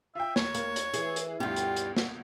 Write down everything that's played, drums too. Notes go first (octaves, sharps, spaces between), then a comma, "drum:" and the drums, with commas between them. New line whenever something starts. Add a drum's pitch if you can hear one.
F4 E5 G5
D#2 C#5, drum: snare
A#3, drum: hi-hat
drum: hi-hat
E3 G#4, drum: hi-hat
drum: hi-hat
D2 G2 B2 F4 G4
drum: hi-hat
drum: hi-hat
drum: snare